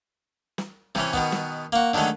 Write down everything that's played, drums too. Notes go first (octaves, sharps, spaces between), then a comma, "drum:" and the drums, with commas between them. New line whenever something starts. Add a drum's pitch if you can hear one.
drum: snare
C3 E3 C#4, drum: snare
B2 D#3 B3, drum: kick
drum: snare
A#3 F#4
D3 D#3 F#3 G#3 A3